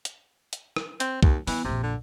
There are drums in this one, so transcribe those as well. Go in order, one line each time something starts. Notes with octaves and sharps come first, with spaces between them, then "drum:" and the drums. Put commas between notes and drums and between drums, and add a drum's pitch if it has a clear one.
drum: hi-hat
drum: hi-hat
drum: rim click
C4, drum: hi-hat
D#2, drum: kick C2
E3 B3, drum: open hi-hat
A#1 F2 C3
D3